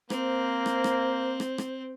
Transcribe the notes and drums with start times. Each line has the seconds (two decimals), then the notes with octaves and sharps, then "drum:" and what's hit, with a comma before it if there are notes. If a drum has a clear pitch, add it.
0.10 A#3 C4 C5, drum: rim click
0.66 drum: rim click
0.84 drum: rim click
1.40 drum: rim click
1.58 drum: rim click